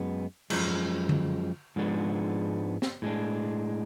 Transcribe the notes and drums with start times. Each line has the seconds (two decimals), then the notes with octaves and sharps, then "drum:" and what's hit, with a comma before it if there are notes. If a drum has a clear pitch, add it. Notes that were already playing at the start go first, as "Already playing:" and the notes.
Already playing: F#2 G#3 B3
0.50 F#2 F3 G#3, drum: cymbal
1.09 drum: tom D3
1.76 G#2 F3 G#3 B3 D4
2.82 drum: snare
3.02 A2 G#3 D4